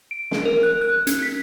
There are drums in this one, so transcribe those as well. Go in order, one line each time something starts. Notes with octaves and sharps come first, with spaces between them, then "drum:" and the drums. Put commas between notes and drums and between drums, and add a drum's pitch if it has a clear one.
D7
drum: snare
A#4
F#6
F#6
C#4, drum: hi-hat
B6